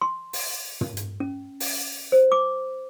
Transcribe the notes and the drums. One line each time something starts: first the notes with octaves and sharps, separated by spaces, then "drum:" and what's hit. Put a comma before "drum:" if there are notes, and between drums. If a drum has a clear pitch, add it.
C6
drum: open hi-hat
drum: tom
drum: hi-hat
C#4
drum: open hi-hat
C5
D6